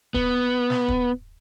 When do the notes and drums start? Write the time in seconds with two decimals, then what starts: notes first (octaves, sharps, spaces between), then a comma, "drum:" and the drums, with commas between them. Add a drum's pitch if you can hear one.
0.14 B3, drum: kick
0.70 drum: snare
0.88 drum: kick